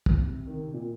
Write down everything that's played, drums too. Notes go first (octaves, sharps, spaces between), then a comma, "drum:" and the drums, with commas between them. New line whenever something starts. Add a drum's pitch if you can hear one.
drum: kick
C3
D#3
C3
A#2